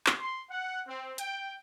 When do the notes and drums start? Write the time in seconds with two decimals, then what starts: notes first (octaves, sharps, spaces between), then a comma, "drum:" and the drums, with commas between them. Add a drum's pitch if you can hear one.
0.07 drum: clap
0.20 C6
0.50 F#5
0.87 C4
1.18 G5, drum: hi-hat